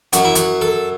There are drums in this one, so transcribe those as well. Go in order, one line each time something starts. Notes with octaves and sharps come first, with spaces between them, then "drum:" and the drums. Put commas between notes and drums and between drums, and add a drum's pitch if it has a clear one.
F#2 F#3 F#4, drum: hi-hat
E4
F#4, drum: hi-hat
A4